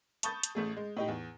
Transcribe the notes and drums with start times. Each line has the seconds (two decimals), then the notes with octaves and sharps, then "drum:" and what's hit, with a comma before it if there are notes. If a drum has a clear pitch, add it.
0.23 A5 B5 C#6 D#6 G6 A6, drum: hi-hat
0.43 drum: hi-hat
0.55 A1 A3 G#4
0.77 G#3
0.97 A2 D#4 G4
1.08 E2